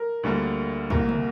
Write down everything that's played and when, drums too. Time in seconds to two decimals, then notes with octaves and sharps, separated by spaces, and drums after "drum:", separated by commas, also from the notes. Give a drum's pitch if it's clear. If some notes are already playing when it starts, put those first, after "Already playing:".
Already playing: A#4
0.23 D2 D3 G3 A#3
0.90 C2 C3 A#3, drum: kick
1.09 drum: tom